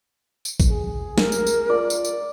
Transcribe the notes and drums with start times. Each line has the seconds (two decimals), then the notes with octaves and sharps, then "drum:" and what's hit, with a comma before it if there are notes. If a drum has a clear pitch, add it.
0.45 drum: tambourine
0.60 drum: kick, tambourine
0.70 G#4
1.18 A#4, drum: snare
1.32 drum: tambourine
1.47 drum: tambourine
1.69 F4 D5
1.90 drum: tambourine
2.05 drum: tambourine